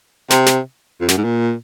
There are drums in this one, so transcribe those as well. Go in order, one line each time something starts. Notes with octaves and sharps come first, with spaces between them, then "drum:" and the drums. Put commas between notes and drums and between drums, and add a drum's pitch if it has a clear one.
C3, drum: snare
drum: snare
F2
F#2, drum: snare
G#2
A#2